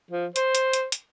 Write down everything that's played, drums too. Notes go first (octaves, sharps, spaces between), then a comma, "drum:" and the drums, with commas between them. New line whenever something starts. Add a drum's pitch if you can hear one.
F3
C5, drum: hi-hat
drum: hi-hat
drum: hi-hat
drum: hi-hat